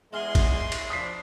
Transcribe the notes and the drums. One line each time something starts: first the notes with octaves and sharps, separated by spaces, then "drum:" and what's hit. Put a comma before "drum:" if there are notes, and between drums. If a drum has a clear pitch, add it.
E2 G#3 G#4 E5 C6 F6 G7
drum: kick, cymbal
drum: cymbal
F3 D4 D#6 B6 C7